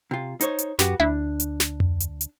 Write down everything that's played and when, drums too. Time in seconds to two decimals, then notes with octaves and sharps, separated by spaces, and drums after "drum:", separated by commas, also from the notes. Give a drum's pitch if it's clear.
0.11 C3 F4
0.41 D#4 C5 C#5, drum: hi-hat
0.59 drum: hi-hat
0.79 F#2 F#4 G4 B4, drum: snare
1.00 D2 D4 E4
1.40 drum: hi-hat
1.60 drum: snare
1.80 drum: tom F2
2.00 drum: hi-hat
2.21 drum: hi-hat